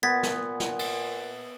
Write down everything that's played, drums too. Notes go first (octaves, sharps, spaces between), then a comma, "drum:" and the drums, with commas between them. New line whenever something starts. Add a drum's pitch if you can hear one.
A#2 B3 G#6 A6 B6
drum: snare
drum: snare
drum: cymbal